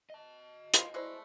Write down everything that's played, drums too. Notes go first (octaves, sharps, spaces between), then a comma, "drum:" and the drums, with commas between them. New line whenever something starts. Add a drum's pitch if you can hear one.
D#5 A5
F4, drum: hi-hat
G#3 A3 E4 B4 C5 D5